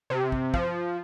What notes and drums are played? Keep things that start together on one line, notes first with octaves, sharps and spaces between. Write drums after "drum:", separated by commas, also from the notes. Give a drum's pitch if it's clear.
C3
drum: kick
F3, drum: kick